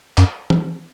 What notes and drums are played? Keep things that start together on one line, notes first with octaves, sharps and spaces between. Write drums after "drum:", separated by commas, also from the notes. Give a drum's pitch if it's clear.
F#2, drum: clap
drum: tom